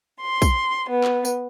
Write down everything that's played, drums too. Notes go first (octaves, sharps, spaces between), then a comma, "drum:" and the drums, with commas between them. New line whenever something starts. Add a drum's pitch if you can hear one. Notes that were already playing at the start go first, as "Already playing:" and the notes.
C6
drum: kick, tambourine
B3
drum: clap
drum: tambourine